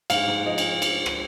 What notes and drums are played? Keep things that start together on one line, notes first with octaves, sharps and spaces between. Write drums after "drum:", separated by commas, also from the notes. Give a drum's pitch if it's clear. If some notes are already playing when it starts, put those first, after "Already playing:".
G#2 F5, drum: cymbal
G#2
F3 D#5
drum: cymbal
drum: cymbal
drum: rim click